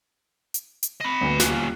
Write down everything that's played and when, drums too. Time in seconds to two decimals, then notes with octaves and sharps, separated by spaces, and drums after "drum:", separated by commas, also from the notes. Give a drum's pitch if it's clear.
0.54 drum: hi-hat
0.83 drum: hi-hat
1.01 D#5 B5
1.21 D2 B3
1.40 D#1 A#3 C#4 F4 F#6, drum: snare